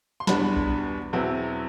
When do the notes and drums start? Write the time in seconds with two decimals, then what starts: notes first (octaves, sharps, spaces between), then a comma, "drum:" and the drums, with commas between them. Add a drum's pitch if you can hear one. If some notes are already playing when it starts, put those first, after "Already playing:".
0.20 C6
0.27 E2 B2 G3 B3 D4 B5, drum: snare
0.56 drum: kick B1
1.13 E2 B2 F#3 C4 E4